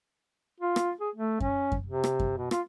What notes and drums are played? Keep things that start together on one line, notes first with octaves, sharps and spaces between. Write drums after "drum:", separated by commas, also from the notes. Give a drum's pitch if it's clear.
F4
drum: rim click
G#4
A3
C#4, drum: kick F#2
drum: kick F#2
C3
drum: rim click
drum: kick F#2
B2
F4, drum: rim click